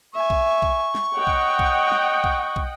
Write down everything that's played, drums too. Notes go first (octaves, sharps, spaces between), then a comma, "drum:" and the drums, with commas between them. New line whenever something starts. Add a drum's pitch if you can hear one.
E5 G#5 C#6
drum: kick
drum: kick
drum: snare
C#5 D#5 F#5 G5
drum: kick
drum: kick
drum: snare
drum: kick
drum: kick